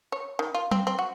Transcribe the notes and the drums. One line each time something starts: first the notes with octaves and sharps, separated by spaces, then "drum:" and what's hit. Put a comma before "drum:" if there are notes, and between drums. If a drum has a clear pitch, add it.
C#5
D#3
F4
C4, drum: tom F#3
C4
F#4